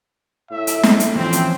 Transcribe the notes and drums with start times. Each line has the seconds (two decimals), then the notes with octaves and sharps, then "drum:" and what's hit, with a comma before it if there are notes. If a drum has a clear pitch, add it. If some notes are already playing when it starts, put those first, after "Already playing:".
0.51 A2 E5
0.67 drum: hi-hat
0.83 drum: snare
1.00 drum: hi-hat
1.16 E3 F3 C4 C#4
1.33 drum: hi-hat